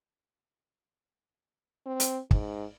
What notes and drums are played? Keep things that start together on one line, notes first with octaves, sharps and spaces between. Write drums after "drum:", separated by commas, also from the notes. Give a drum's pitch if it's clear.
C4
drum: hi-hat
G#2, drum: kick